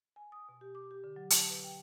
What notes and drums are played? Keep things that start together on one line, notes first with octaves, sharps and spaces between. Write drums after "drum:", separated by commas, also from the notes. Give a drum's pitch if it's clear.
G#5
D#6
B2
G4
D6
G4
D3
F#3
A5, drum: hi-hat
B4
G5